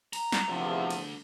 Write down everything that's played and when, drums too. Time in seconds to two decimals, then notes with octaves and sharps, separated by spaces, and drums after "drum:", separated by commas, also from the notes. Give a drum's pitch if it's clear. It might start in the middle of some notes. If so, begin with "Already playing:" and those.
0.13 A#5, drum: cymbal
0.32 drum: snare
0.48 E2 C3 F3 A3 D4
0.90 drum: cymbal